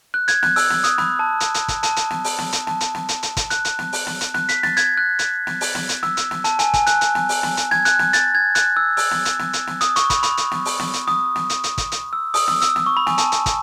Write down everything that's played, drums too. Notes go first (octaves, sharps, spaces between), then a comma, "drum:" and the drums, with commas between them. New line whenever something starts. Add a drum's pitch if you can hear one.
F#6
G#6, drum: hi-hat
F#6, drum: snare
E6, drum: open hi-hat
drum: snare
D#6, drum: hi-hat
B5, drum: snare
A5
drum: hi-hat
drum: hi-hat
drum: kick, hi-hat
A5, drum: hi-hat
drum: hi-hat
drum: snare
drum: open hi-hat
drum: snare
drum: hi-hat
A5, drum: snare
drum: hi-hat
drum: snare
drum: hi-hat
drum: hi-hat
drum: kick, hi-hat
F#6, drum: hi-hat
drum: hi-hat
drum: snare
drum: open hi-hat
drum: snare
drum: hi-hat
F#6, drum: snare
B6, drum: hi-hat
A6, drum: snare
G#6, drum: hi-hat
F#6
drum: hi-hat
drum: snare
drum: open hi-hat
drum: snare
drum: hi-hat
E6, drum: snare
drum: hi-hat
drum: snare
A5, drum: hi-hat
G#5, drum: hi-hat
G#5, drum: kick, hi-hat
F#6, drum: hi-hat
drum: hi-hat
drum: snare
drum: open hi-hat
drum: snare
drum: hi-hat
G#6, drum: snare
F#6, drum: hi-hat
drum: snare
A6, drum: hi-hat
G#6
F#6, drum: hi-hat
E6
E6, drum: open hi-hat
drum: snare
drum: hi-hat
drum: snare
drum: hi-hat
drum: snare
D#6, drum: hi-hat
C#6, drum: hi-hat
B5, drum: kick, hi-hat
B5, drum: hi-hat
drum: hi-hat
drum: snare
drum: open hi-hat
drum: snare
drum: hi-hat
D#6, drum: snare
drum: snare
drum: hi-hat
drum: hi-hat
drum: kick, hi-hat
drum: hi-hat
E6
D#6, drum: open hi-hat
E6, drum: snare
E6, drum: hi-hat
drum: snare
C#6
B5
G#5, drum: snare
A5, drum: hi-hat
drum: hi-hat
drum: kick, hi-hat